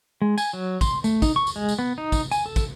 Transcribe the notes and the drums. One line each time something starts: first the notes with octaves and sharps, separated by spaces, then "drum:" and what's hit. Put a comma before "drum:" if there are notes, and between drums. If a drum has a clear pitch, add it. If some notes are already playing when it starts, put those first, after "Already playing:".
G#3
G#5, drum: tambourine
F#3
C6, drum: kick, tambourine
A3, drum: tambourine
D#4, drum: kick, tambourine
C#6
drum: tambourine
G#3
drum: tambourine
B3
D#4
drum: kick, tambourine
G#5, drum: tambourine
A4
drum: kick, tambourine